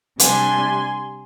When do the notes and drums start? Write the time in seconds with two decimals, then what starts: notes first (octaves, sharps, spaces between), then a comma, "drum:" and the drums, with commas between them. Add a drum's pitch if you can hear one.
0.19 C3 G3 D4 G#5 C6, drum: hi-hat